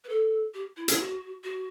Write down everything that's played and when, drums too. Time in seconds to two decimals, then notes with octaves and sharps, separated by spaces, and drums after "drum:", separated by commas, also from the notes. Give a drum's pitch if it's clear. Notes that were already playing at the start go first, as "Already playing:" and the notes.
0.04 B4
0.09 A4
0.54 G4
0.77 E4
0.88 E4, drum: hi-hat
0.99 F#4
1.44 F#4